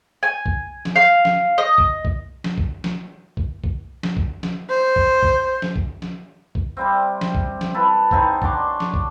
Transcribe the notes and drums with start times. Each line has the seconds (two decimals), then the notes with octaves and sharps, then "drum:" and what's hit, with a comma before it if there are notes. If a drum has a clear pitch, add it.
0.23 G#5
0.46 drum: kick
0.85 drum: snare
0.96 F5
1.25 drum: snare
1.58 D#5
1.78 drum: kick
2.05 drum: kick
2.44 drum: snare
2.58 drum: kick
2.84 drum: snare
3.37 drum: kick
3.64 drum: kick
4.03 drum: snare
4.17 drum: kick
4.43 drum: snare
4.70 C5
4.96 drum: kick
5.23 drum: kick
5.62 drum: snare
5.76 drum: kick
6.02 drum: snare
6.55 drum: kick
6.77 C3 G3 C4
7.21 drum: snare
7.35 drum: kick
7.61 drum: snare
7.74 E4 A4 B4
8.11 B3 C4 D#4 G#4, drum: kick
8.42 D4 C#5 C6 D6, drum: kick
8.80 drum: snare
8.94 drum: kick